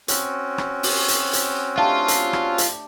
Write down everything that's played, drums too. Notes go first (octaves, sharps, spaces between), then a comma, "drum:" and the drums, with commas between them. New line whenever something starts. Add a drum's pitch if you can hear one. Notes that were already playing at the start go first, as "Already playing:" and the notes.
C4 C#4 F#4, drum: hi-hat
drum: rim click
drum: open hi-hat
drum: hi-hat
drum: hi-hat
A3 D4 F4 G4
drum: hi-hat
drum: rim click
drum: hi-hat